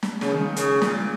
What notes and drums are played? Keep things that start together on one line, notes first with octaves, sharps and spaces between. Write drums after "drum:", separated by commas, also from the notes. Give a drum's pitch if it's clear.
drum: snare
C#3, drum: snare
D#3
C#3, drum: hi-hat
A#2, drum: snare